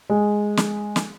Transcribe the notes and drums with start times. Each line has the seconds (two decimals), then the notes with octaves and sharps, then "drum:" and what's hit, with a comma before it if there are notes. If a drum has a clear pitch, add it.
0.10 G#3
0.57 drum: snare
0.96 drum: snare